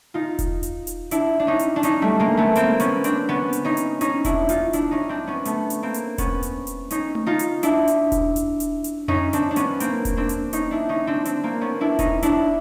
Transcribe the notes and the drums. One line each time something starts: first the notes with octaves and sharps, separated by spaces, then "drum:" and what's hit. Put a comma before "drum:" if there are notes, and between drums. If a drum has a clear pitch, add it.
D#4 F4
drum: kick E1, hi-hat
drum: hi-hat
drum: hi-hat
D4 E4, drum: hi-hat
D4
C#4 D#4
drum: hi-hat
D4
C#4 D#4, drum: hi-hat
G3 A3
G#3 A#3
A3 B3
A#3 C4, drum: hi-hat
B3 C#4, drum: hi-hat
C4 D4, drum: hi-hat
B3 C#4
drum: hi-hat
C#4 D#4
drum: hi-hat
C#4 D#4, drum: hi-hat
D4 E4, drum: kick E1, hi-hat
D#4 F4, drum: hi-hat
D4 E4, drum: hi-hat
C#4 D#4
C4 D4
B3 C#4
A3 B3, drum: hi-hat
drum: hi-hat
A#3 C4
drum: hi-hat
B3 C#4, drum: kick E1, hi-hat
drum: hi-hat
drum: hi-hat
C#4 D#4, drum: hi-hat
drum: tom A3
D#4 F4
drum: hi-hat
D4 E4, drum: hi-hat
drum: hi-hat
drum: kick E1, hi-hat
drum: hi-hat
drum: hi-hat
drum: hi-hat
C#4 D#4, drum: tom F2
C4 D4, drum: hi-hat
D4
B3 C#4, drum: hi-hat
A#3 C4, drum: hi-hat
drum: kick E1, hi-hat
C4 D4
drum: hi-hat
C#4 D#4, drum: hi-hat
D4 E4
C#4 D#4
C4 D4
C4 D4, drum: hi-hat
A#3 C4
B3 C#4
D4 E4
C#4 D#4, drum: kick E1, hi-hat
D4 E4, drum: hi-hat